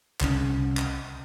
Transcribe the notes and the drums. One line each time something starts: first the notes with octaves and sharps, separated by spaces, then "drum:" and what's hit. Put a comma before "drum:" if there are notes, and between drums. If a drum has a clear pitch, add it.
C2 C#3 C#4, drum: clap
drum: clap